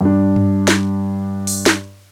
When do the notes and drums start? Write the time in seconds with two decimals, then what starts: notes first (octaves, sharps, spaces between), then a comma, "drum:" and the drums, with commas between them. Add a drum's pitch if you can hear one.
0.01 G2 D4
0.36 drum: tom G2
0.68 drum: snare
1.47 drum: open hi-hat
1.66 drum: snare